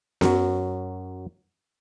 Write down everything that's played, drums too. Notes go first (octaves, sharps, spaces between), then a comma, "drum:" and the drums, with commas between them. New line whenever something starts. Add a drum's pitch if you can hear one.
F#2 F#3, drum: snare B3